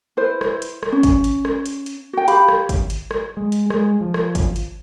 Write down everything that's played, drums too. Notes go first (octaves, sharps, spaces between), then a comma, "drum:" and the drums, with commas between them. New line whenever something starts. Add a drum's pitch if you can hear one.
E4 B4 C5
drum: rim click
drum: hi-hat
drum: rim click
C#4
drum: kick G#1, hi-hat
drum: hi-hat
drum: rim click
drum: hi-hat
drum: hi-hat
F#4 G5
G4 F5 B5, drum: hi-hat
drum: rim click
drum: kick G#1, hi-hat
drum: hi-hat
drum: rim click
G#3
drum: hi-hat
G#3, drum: rim click
F3
drum: rim click
drum: kick G#1, hi-hat
drum: hi-hat